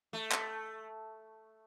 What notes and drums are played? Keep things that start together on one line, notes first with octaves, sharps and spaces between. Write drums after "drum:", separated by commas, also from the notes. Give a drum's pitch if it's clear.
A3
drum: clap